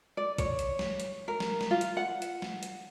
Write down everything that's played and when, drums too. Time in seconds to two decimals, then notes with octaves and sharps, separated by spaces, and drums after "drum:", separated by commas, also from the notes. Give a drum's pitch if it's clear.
0.17 D5
0.38 C#5, drum: kick B1, hi-hat
0.59 drum: hi-hat
0.79 drum: snare
1.00 drum: hi-hat
1.28 A#4
1.40 drum: snare
1.61 drum: snare
1.71 F4
1.81 drum: hi-hat
1.97 F#5
2.22 drum: hi-hat
2.42 drum: snare
2.63 drum: hi-hat